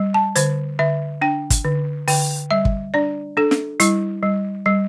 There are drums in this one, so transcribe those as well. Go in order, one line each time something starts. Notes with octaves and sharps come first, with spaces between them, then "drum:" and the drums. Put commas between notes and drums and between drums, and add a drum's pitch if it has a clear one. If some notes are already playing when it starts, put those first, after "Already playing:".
Already playing: G3
A5
D3 C5, drum: hi-hat
D3 E5
D4 G5
drum: kick, hi-hat
D3
D3 G5, drum: open hi-hat
G3 E5
drum: kick
D4 D5
D4 A4
drum: snare
G3 E4, drum: hi-hat
G3
G3